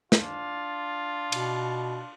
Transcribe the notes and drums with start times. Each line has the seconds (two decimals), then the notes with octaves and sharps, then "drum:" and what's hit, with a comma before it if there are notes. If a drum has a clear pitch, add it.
0.12 D4 F4, drum: snare
1.32 B2, drum: cymbal